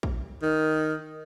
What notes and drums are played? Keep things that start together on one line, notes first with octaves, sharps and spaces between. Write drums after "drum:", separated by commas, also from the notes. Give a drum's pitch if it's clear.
drum: kick
D#3